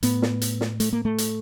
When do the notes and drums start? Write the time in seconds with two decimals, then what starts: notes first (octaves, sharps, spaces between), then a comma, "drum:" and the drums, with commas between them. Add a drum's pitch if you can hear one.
0.03 A2 B3, drum: hi-hat
0.22 drum: snare
0.42 drum: hi-hat
0.61 drum: snare
0.80 A3, drum: hi-hat
0.93 A#3
1.05 A3
1.18 drum: hi-hat